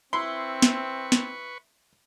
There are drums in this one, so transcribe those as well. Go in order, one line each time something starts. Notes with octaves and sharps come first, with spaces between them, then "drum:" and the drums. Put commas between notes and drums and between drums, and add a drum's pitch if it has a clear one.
C4 E4 B4 C6 C#6
drum: snare
drum: snare